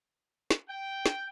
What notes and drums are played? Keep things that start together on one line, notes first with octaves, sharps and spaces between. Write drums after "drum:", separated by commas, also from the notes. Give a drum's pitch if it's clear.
drum: snare
G5
drum: snare